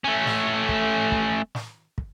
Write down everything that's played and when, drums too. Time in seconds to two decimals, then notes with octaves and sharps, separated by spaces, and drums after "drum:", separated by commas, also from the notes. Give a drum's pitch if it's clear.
0.04 A3 C#4
0.26 drum: snare
0.69 drum: kick
1.12 drum: kick
1.55 drum: snare
1.98 drum: kick